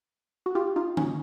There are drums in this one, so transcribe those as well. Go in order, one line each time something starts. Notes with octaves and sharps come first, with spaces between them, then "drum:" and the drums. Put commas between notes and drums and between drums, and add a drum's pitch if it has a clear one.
F#4
F4 G4
D#4 F4
A#2 F#3 C#4 D#4, drum: tom D3